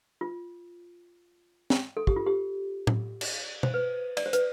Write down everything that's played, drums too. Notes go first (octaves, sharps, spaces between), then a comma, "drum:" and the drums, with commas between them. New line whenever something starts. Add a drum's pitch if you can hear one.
F4
drum: snare
A4
G4, drum: kick
F4
G4
drum: tom A2
drum: cymbal
C5, drum: tom B2
B4
D5, drum: cymbal
C5
B4, drum: hi-hat